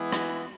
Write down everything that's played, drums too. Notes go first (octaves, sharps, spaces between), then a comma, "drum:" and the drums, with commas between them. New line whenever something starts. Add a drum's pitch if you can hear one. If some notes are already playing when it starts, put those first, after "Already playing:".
Already playing: E3 G#3 B3 E4 G#4
drum: rim click